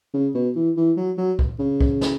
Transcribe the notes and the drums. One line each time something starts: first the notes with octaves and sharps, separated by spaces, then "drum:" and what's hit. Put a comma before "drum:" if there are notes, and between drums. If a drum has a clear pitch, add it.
C#3
B2
E3
E3
F#3
F#3
drum: kick
C#3
drum: kick
drum: snare